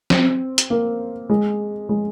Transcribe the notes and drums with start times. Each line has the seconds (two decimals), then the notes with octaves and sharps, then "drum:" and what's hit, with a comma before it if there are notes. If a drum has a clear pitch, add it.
0.10 C4, drum: snare
0.58 drum: hi-hat
0.70 A#3
1.30 G#3
1.89 G#3